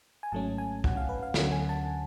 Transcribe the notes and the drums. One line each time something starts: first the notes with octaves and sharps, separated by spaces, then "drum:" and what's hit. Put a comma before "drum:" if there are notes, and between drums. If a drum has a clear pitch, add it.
G#5
G#1 G#2 F#3 A3 C#4 A5
G#5
F#5, drum: kick
F5
B4
F5
D2 D3 F#3 C#4 F#5, drum: snare
G#5
A5